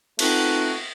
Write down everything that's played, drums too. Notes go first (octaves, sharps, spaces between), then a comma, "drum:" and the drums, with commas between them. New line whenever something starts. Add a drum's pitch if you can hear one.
A3 B3 C4 D#4 F4 F#4, drum: cymbal